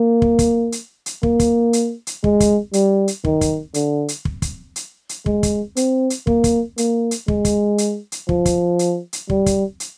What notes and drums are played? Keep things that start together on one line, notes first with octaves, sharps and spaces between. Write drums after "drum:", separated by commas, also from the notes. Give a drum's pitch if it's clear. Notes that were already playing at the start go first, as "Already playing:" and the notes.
Already playing: A#3
drum: kick
drum: kick, hi-hat
drum: hi-hat
drum: hi-hat
A#3, drum: kick
drum: kick, hi-hat
drum: hi-hat
drum: hi-hat
G#3, drum: kick
drum: kick, hi-hat
G3, drum: hi-hat
drum: hi-hat
D#3, drum: kick
drum: kick, hi-hat
D3, drum: hi-hat
drum: hi-hat
drum: kick
drum: kick, hi-hat
drum: hi-hat
drum: hi-hat
G#3, drum: kick
drum: kick, hi-hat
C4, drum: hi-hat
drum: hi-hat
A#3, drum: kick
drum: kick, hi-hat
A#3, drum: hi-hat
drum: hi-hat
G#3, drum: kick
drum: kick, hi-hat
drum: hi-hat
drum: hi-hat
F3, drum: kick
drum: kick, hi-hat
drum: hi-hat
drum: hi-hat
G3, drum: kick
drum: kick, hi-hat
drum: hi-hat